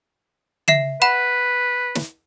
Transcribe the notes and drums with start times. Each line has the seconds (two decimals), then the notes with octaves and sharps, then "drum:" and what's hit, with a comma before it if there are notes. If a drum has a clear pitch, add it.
0.68 E5 C7 E7, drum: tom C#3
1.02 B4 F#5 B5 E7
1.95 drum: snare